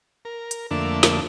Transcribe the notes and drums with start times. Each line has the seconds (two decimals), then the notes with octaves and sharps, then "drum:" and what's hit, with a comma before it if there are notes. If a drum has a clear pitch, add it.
0.25 A#4
0.51 drum: hi-hat
0.71 F2 D3 A3 A#3 D4 E5
1.03 drum: snare